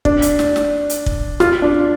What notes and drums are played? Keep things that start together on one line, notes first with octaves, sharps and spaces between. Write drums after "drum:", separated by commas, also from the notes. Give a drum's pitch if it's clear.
D4, drum: kick
drum: hi-hat
drum: snare
drum: snare
drum: hi-hat
drum: kick
F4, drum: snare
D4